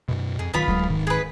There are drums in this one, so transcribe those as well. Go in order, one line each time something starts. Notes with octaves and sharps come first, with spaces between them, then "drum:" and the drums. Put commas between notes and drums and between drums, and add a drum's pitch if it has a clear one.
F#2 B2
F2 G#4
D1 B1 D#3 B3 F4 B5
D2 F#3 G#3, drum: kick D1
G#2 D#3
G#4 B4